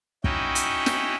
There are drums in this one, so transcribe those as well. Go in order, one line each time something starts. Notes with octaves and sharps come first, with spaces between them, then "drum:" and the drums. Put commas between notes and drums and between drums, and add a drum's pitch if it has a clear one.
C#4 D#4 E4 F#4 G5, drum: kick
drum: hi-hat
drum: snare